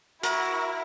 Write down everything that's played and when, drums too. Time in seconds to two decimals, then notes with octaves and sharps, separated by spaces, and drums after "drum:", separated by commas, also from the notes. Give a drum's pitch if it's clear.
0.23 E4 F#4 A#4, drum: hi-hat